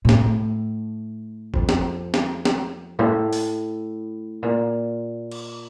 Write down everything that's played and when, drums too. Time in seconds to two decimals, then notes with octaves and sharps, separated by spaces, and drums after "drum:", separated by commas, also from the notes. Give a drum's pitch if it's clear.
0.05 A#2
0.09 A2, drum: snare
1.54 F2, drum: kick G1
1.69 drum: snare
2.14 drum: snare
2.45 drum: snare
2.99 A2
3.33 drum: open hi-hat
4.43 A#2
5.31 drum: cymbal